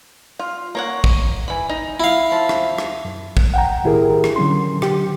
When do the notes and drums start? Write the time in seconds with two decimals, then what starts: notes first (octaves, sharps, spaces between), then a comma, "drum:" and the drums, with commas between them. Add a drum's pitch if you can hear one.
0.39 F4
0.75 A#3 C#5 F#5
1.04 drum: kick
1.48 E3 B5
1.69 D#4
2.00 E4 F5
2.32 F3
2.49 drum: rim click
2.78 drum: rim click
3.05 F#2
3.37 drum: kick
3.54 F#5 G5 A#5
3.84 A2 D#3 E4 G4 G#4 A#4
4.24 drum: rim click
4.36 D3 F#3 C#4 C6
4.82 D3 G4, drum: rim click